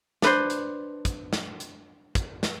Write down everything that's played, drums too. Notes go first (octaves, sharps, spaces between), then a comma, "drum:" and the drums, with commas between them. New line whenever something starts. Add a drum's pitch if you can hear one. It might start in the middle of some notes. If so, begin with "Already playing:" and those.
D4 B4 C5, drum: snare
drum: hi-hat
drum: kick, hi-hat
drum: snare
drum: hi-hat
drum: kick, hi-hat
drum: snare